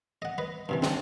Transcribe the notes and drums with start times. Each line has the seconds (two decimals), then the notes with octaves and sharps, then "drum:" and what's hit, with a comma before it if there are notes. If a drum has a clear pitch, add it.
0.22 D#5 F#5
0.38 B4 D#5
0.69 G2 C3 E3
0.82 F3 C4, drum: snare